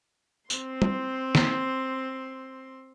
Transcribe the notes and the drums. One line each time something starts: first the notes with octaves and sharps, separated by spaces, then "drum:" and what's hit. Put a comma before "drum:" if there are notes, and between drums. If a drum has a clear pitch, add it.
C4 C6, drum: tambourine
drum: tom
drum: snare